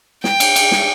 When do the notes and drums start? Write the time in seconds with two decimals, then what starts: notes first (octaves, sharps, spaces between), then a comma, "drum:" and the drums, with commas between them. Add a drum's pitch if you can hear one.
0.24 G5, drum: snare
0.40 drum: cymbal
0.56 drum: cymbal
0.71 drum: snare